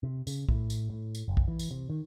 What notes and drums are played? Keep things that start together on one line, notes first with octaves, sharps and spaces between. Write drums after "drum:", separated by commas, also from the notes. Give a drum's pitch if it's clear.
C3
C#3, drum: tambourine
A2, drum: kick
drum: tambourine
A2
drum: tambourine
F#1
drum: kick
E3
drum: tambourine
C3
D#3